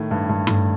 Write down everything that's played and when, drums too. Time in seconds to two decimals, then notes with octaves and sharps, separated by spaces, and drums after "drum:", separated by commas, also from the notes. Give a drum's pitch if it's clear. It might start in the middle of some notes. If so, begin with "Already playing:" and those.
Already playing: A2 D#3
0.11 G2
0.29 G2
0.47 A2, drum: tom G2